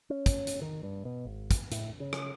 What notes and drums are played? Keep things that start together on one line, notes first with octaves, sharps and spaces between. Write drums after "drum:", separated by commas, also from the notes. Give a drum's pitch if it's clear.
C#4
drum: kick, hi-hat
drum: hi-hat
D#3
G2
B2
G#1
drum: kick, hi-hat
A2, drum: hi-hat
C#3
drum: rim click